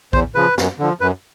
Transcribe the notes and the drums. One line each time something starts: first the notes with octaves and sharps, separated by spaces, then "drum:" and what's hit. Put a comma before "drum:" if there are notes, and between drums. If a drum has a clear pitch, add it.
E2 C5, drum: kick A#1
C#3 F3 B4
F#2, drum: snare
D3 F3
F#2 B4